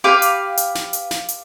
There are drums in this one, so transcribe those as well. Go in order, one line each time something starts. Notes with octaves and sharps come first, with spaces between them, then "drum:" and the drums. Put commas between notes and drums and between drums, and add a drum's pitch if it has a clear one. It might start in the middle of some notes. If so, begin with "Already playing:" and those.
G4 B4 F5 D6
drum: hi-hat
drum: hi-hat
drum: snare
drum: hi-hat
drum: snare
drum: hi-hat